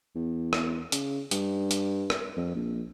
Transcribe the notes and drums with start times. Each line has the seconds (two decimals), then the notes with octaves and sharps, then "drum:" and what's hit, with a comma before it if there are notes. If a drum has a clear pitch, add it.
0.15 E2
0.53 drum: rim click
0.92 C#3, drum: hi-hat
1.31 G2, drum: hi-hat
1.71 drum: hi-hat
2.10 drum: rim click
2.37 F2
2.55 A#1